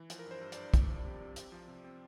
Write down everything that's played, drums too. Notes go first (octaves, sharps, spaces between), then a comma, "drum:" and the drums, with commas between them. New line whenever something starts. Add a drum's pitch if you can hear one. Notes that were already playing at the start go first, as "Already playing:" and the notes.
Already playing: E3
F3, drum: hi-hat
A#4
G2 C5
G2
G2 D5, drum: hi-hat
C2, drum: kick, hi-hat
F3
C3
C3
C4, drum: hi-hat
F3
C3
C4